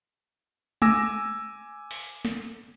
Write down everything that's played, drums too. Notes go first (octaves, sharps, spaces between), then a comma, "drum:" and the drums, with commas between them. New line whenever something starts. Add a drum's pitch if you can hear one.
G#5 D6 E6 A#6, drum: tom G#3
drum: open hi-hat
drum: snare